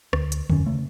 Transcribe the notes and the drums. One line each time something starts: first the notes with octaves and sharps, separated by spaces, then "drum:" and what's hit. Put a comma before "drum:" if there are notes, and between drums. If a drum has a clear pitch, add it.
D2, drum: rim click
drum: hi-hat
E1 F#2 C#4, drum: tom D3
C#3 A3